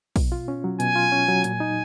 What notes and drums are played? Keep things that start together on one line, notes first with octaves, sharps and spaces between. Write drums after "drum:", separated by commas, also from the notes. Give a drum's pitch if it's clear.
B2, drum: kick, open hi-hat
F4
C#4
F#3
B2 G#5, drum: hi-hat
F4
C#4
F#3
A#2 G#5, drum: hi-hat
D#4